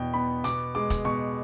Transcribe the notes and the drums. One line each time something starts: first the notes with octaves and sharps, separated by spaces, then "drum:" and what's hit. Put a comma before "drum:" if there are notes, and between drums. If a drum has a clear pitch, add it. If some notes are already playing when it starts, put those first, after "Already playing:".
Already playing: E2 B2 G5
B3 B5
B2 D6, drum: hi-hat
G#3 D6
drum: kick, hi-hat
B2 C#6